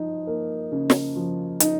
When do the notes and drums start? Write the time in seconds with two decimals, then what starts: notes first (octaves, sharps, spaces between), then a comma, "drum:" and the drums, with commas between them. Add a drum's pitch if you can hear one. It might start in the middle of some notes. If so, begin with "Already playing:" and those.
Already playing: F3 D#4
0.27 A#3
0.72 C#3
0.90 drum: snare
1.16 F3
1.60 D#4, drum: hi-hat